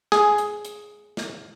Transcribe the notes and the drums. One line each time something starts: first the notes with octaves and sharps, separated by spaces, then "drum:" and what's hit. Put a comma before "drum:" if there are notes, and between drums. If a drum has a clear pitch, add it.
G#4, drum: snare
drum: hi-hat
drum: hi-hat
drum: snare